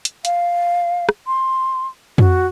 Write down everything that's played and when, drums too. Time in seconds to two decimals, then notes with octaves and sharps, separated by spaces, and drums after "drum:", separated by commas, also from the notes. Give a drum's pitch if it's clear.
0.05 drum: hi-hat
0.25 F5, drum: hi-hat
1.09 drum: rim click
1.27 C6
2.18 F#4, drum: tom F2